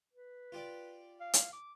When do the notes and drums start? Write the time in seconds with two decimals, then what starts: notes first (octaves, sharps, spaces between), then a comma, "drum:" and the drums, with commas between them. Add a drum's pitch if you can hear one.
0.13 B4
0.52 F4 G4 D5
1.20 F5
1.33 drum: hi-hat
1.53 D6